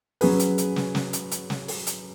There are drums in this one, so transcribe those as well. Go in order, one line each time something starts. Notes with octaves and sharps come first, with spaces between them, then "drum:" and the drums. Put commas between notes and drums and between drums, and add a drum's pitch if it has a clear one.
F#3 C#4 G#4 B4, drum: open hi-hat
drum: hi-hat
drum: hi-hat
drum: snare
drum: snare
drum: hi-hat
drum: hi-hat
drum: snare
drum: open hi-hat
drum: hi-hat